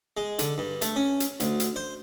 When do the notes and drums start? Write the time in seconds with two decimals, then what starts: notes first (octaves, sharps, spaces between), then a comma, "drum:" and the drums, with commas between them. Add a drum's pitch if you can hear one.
0.17 G#3
0.39 D3, drum: hi-hat
0.58 G2
0.82 A3, drum: hi-hat
0.96 C#4
1.20 drum: hi-hat
1.40 D2, drum: hi-hat
1.60 drum: hi-hat
1.76 C5